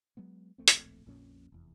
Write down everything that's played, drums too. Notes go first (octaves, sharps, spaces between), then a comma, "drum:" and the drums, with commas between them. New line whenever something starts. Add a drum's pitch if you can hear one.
F#3 G#3 B3
D1 A#1 A3 C4
drum: hi-hat
A#1 F2 A#2 C#4
F1 E2